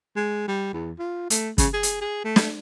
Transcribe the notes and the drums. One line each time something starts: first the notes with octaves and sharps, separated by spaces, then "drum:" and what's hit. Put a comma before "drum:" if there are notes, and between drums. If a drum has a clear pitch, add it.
G#3
G3
E2
F4
A3, drum: hi-hat
C#3, drum: kick, hi-hat
G#4
drum: hi-hat
G#4
A3
drum: snare